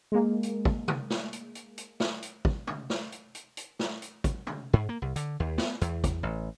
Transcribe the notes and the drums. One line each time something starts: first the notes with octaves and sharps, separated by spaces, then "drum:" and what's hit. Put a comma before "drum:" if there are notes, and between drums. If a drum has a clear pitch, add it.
G#3 A#3
drum: hi-hat
drum: kick
drum: tom C3
drum: snare
drum: hi-hat
drum: hi-hat
drum: hi-hat
drum: snare
drum: hi-hat
drum: kick
drum: tom
drum: snare
drum: hi-hat
drum: hi-hat
drum: hi-hat
drum: snare
drum: hi-hat
drum: kick, hi-hat
drum: tom
G#2
A#3
C2
D3, drum: hi-hat
D#2
B3, drum: snare
E2, drum: hi-hat
drum: kick, hi-hat
A1